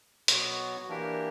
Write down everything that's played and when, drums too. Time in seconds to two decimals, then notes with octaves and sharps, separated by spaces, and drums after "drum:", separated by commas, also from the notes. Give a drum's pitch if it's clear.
0.28 B2 F#3 B3 F#4 C#5, drum: hi-hat
0.88 E3 A#3 D4 G4 A#4